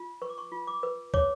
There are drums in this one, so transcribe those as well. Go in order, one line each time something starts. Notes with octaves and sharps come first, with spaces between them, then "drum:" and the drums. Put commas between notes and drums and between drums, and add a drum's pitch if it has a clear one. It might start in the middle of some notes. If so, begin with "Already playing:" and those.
Already playing: F4
B4 C#6
D6
C#6
F4
D6
B4
C#5 D6, drum: kick